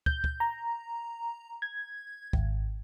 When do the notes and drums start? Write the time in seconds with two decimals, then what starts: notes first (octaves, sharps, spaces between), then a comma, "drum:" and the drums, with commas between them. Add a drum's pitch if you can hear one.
0.06 G6, drum: kick
0.24 drum: kick
0.40 A#5
1.62 G#6
2.33 G#1, drum: kick